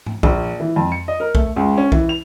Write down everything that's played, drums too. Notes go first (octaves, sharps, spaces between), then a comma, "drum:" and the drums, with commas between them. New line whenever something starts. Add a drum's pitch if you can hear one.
drum: tom G#2
A#1, drum: kick B1
E3
F2
C#7
D#5
A#4
A3, drum: kick B1
C#2
C#4
E3, drum: kick B1
F7